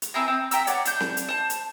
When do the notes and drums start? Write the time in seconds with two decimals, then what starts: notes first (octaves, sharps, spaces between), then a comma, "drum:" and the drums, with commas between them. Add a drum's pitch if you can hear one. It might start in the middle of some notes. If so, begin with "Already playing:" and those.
0.02 drum: hi-hat
0.14 C4 E4 G#4 A#5
0.28 C4
0.51 E5 G5 A#5 E6, drum: hi-hat
0.67 C#5 D5 F#5, drum: hi-hat
0.85 D4 G6, drum: hi-hat
1.00 drum: snare C4
1.17 drum: hi-hat
1.28 C5 A5
1.50 drum: hi-hat